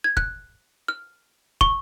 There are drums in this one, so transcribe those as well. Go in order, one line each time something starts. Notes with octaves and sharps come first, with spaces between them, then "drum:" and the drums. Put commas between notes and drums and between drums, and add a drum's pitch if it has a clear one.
G#6
F#6, drum: kick
F6
C#6, drum: kick